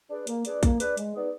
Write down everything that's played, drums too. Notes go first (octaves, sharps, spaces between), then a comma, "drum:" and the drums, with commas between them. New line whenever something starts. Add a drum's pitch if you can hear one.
D4 G#4 B4 D5
A#3, drum: hi-hat
D4 G#4 B4 D5, drum: hi-hat
A#3, drum: kick, hi-hat
D4 G#4 B4 D5, drum: hi-hat
G#3, drum: hi-hat
B3 D#4 G#4 D5